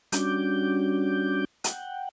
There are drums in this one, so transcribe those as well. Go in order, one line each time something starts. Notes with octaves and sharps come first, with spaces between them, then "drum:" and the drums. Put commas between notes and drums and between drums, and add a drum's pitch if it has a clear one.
G3 C#4 D4 F#4 D6 G6, drum: hi-hat
F#5 G5, drum: hi-hat